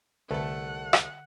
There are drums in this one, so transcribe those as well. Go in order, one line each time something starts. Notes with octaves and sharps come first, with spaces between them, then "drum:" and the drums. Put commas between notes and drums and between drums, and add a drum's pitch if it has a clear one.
C2 D3 A3 A4 F#5
drum: rim click